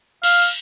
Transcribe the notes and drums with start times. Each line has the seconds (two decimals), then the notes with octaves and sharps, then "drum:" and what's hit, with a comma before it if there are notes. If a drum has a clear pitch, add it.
0.23 F5, drum: cymbal
0.42 drum: cymbal